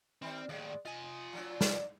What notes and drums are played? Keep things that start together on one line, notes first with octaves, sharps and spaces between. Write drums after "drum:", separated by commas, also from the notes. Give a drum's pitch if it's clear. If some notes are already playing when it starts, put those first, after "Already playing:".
D#3 G3 C4
D#2 A2 G#3 D5
F4 D#5 G#5
F3 F#3 D4
drum: snare